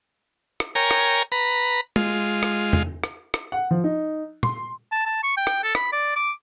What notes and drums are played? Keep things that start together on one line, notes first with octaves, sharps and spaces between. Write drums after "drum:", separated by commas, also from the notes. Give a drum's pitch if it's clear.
drum: rim click
A#4 C#5 G5 G#5 A#5
drum: rim click
B4 A#5 B5
G#3 F4, drum: tom
drum: rim click
drum: tom E2
drum: rim click
drum: rim click
F#5
F3
D#4
C6, drum: tom
A5
A5
C#6
G5
drum: rim click
A4
B5, drum: rim click
D5
D6